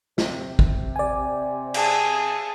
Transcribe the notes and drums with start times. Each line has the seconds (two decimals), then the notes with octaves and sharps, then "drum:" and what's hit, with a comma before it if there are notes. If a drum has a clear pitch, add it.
0.18 C3, drum: snare
0.59 drum: kick G#1
0.96 D5 G#5
1.74 G#4 A5, drum: cymbal